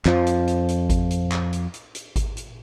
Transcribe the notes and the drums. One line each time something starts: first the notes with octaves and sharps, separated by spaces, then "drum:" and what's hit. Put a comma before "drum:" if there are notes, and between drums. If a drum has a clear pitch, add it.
F2 F3, drum: clap
drum: hi-hat
drum: hi-hat
drum: hi-hat
drum: kick G#1, hi-hat
drum: hi-hat
drum: clap
drum: hi-hat
drum: hi-hat
drum: hi-hat
drum: kick G#1, hi-hat
drum: hi-hat